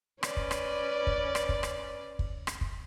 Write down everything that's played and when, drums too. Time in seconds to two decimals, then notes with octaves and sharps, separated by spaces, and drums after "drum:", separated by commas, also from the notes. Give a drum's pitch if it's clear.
0.23 C#4 B4 D5, drum: rim click
0.37 drum: kick
0.51 drum: rim click
1.07 drum: kick
1.35 drum: rim click
1.49 drum: kick
1.63 drum: rim click
2.19 drum: kick
2.47 drum: rim click
2.61 drum: kick